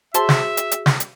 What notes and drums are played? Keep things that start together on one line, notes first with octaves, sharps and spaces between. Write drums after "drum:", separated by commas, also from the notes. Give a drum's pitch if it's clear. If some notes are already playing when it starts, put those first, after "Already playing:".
F#4 G#4 C5 E5 A5 C6, drum: hi-hat
drum: snare
drum: hi-hat
drum: hi-hat
drum: snare
drum: hi-hat